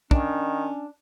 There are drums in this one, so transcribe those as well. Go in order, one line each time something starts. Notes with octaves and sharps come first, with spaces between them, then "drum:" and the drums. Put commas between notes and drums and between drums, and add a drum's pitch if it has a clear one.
D#3 C#4 D4, drum: kick